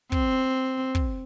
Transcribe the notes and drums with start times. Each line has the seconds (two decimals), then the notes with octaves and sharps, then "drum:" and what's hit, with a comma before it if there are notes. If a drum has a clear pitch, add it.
0.12 C4, drum: kick
0.95 drum: kick